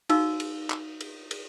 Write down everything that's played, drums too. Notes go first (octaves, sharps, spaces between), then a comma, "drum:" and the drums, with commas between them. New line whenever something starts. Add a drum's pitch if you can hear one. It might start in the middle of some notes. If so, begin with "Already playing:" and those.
D#4 F#4 F5 E6, drum: cymbal
drum: cymbal
drum: clap
drum: cymbal
drum: cymbal